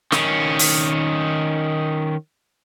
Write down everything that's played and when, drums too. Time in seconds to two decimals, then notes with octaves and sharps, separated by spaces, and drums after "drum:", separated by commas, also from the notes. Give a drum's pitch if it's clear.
0.12 D#3 C#4, drum: snare
0.59 drum: open hi-hat